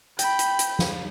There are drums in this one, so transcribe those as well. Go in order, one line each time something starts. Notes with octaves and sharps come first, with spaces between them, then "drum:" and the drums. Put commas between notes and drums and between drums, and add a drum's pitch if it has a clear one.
G5 B5 G6, drum: hi-hat
drum: hi-hat
drum: hi-hat
drum: snare